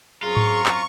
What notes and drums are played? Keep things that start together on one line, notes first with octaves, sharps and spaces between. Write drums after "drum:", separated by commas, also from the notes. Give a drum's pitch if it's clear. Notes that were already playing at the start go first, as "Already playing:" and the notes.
F#2 C4 F4 G#4 A#5 C#6
drum: tom G#2
drum: clap